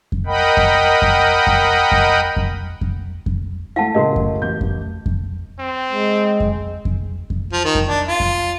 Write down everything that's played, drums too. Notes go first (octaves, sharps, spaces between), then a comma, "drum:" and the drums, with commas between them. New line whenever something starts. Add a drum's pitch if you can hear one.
drum: kick F2
A#4 D#5 F#5 G5 B5
drum: kick F2
drum: kick F2
drum: kick F2
drum: kick F2
drum: kick F2
drum: kick F2
drum: kick F2
A3 E4 F5 F#5 A5
A2 C#3 A3 F#4 A#4 D#5
drum: kick F2
A1 G6
drum: kick F2
drum: kick F2
C4
G#3
drum: kick F2
drum: kick F2
drum: kick F2
F3
D#3
drum: kick F2
D4
F4
drum: kick F2